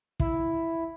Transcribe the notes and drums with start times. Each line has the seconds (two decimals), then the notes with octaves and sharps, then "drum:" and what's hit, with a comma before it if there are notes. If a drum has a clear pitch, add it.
0.20 E4, drum: kick